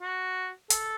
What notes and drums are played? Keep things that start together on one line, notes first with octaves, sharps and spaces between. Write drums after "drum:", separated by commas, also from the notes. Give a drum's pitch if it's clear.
F#4
A4, drum: hi-hat